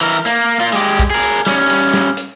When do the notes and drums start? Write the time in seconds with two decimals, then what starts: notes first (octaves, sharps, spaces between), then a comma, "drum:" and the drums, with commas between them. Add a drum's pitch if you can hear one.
0.01 E3 A#4
0.26 A#3, drum: hi-hat
0.59 A#3 F4
0.73 G#3 G4
0.99 drum: kick, hi-hat
1.10 G#4 A#4
1.23 drum: hi-hat
1.46 G3 C#4, drum: snare
1.70 drum: hi-hat
1.94 drum: snare
2.17 drum: hi-hat